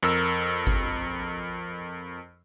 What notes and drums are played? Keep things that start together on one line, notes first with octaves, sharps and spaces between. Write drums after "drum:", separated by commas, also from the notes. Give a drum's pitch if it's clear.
F2 A#4 E6
drum: kick G1